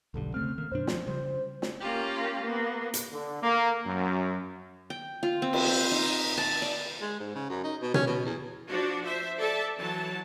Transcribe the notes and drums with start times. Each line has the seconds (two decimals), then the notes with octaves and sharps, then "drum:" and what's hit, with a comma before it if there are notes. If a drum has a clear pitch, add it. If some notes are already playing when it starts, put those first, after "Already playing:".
0.14 E1 B1 G2 D3
0.34 C#3 A3 C4 F6
0.58 D#3 A#3
0.72 F#2 B2 D4 C5
0.87 F3, drum: snare
1.07 C#3 G3 C5
1.62 drum: snare
1.80 A#3 C#4 F4 G4
2.42 A#3 B3
2.94 drum: hi-hat
3.12 D3
3.42 A#3
3.86 F#2
4.90 G5
5.23 F4
5.42 C4
5.53 drum: cymbal
5.67 C5
5.92 D#4
6.38 A5
6.62 D5
7.01 G#3
7.20 G#2
7.35 C#3
7.50 F#2
7.64 D#4
7.82 B2
7.94 C#4, drum: tom B2
8.07 B2
8.25 E2
8.68 F3 D4 F#4
9.04 C5 E5
9.37 A4 D5 E5 A5
9.76 E3 F#3 A5